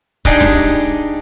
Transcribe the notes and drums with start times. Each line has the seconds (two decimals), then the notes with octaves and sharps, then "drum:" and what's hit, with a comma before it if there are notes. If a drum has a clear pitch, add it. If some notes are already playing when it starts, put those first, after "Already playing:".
0.25 D4 D#4 G4 G#4, drum: kick C#1
0.40 drum: snare